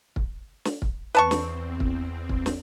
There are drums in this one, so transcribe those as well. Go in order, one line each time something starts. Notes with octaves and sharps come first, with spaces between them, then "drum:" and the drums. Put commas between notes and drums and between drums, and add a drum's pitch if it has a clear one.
drum: kick
drum: snare
drum: kick
E2 C4 B4 A5 C#6
drum: snare
drum: kick
drum: kick
drum: snare